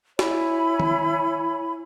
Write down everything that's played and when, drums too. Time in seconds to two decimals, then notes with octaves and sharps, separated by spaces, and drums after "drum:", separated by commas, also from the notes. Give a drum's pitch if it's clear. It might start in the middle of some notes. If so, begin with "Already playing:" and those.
0.19 E4 C#5 G#5 B5, drum: snare
0.80 drum: tom D#3